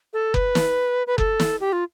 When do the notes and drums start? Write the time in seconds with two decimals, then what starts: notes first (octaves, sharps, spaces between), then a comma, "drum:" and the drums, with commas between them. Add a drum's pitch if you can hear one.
0.13 A4
0.34 B4, drum: kick F#1
0.55 drum: snare
1.07 B4
1.18 A4, drum: kick F#1
1.40 drum: snare
1.60 G4
1.73 F4